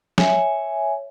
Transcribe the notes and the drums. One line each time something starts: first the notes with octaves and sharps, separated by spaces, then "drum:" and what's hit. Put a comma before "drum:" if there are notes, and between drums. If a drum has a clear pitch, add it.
C#5 E5 G#5, drum: snare